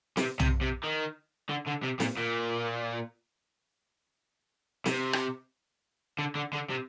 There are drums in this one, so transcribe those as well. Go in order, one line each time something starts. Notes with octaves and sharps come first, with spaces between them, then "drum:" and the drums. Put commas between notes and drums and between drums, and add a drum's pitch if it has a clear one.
C3, drum: snare
C3, drum: tom
C3
D#3
D3
D3
C3
A#2, drum: snare
A#2
C3, drum: snare
drum: rim click
D3
D3
D3
C3